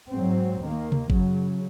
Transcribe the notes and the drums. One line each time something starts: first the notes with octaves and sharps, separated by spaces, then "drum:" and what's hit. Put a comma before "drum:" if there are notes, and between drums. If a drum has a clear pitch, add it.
G#2 F#3 C4
D#2 D#3 A#3
drum: tom C3
F#2 C#3 F#3, drum: kick G1